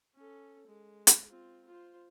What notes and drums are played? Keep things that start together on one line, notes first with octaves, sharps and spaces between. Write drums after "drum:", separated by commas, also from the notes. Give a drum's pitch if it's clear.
C#4 A4
G#3
drum: hi-hat
C4 F4
F4 C5